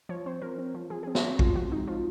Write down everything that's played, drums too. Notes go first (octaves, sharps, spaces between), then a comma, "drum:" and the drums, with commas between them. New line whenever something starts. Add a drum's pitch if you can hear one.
F3 C#5
C4 C5
F3 A#4
C4
F3
F3 G#4
C4 G#4
F#4, drum: snare
C4
G#3 F4, drum: kick A1
F3 F#4
G#3 D#4
F3 F4